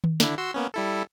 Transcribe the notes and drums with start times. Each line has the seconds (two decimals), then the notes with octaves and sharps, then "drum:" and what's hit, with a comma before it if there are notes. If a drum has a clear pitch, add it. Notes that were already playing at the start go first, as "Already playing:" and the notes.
0.04 drum: tom D#3
0.20 D3 D4 E4, drum: snare
0.38 F#4 C6 E6
0.54 A#3 B3 C#4
0.74 G3 E4 A4